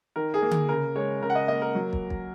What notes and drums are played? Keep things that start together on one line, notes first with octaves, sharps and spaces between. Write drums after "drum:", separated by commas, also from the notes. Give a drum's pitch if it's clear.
D#3 A#4
G#4
A#3
drum: tom D3
C#3 A#4
G#3 C#5
C#3 A#4
F#5
D#5
A#3 D#5
A#4
F#3
drum: kick
drum: kick